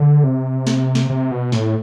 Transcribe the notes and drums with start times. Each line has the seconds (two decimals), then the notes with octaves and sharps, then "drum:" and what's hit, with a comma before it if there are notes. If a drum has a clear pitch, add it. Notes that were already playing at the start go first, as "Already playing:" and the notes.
Already playing: D3
0.24 C3
0.67 drum: snare
0.95 drum: snare
1.09 C3
1.31 B2
1.52 A2, drum: snare